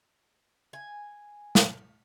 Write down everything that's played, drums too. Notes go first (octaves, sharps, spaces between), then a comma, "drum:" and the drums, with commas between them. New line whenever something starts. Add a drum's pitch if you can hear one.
G#5
drum: snare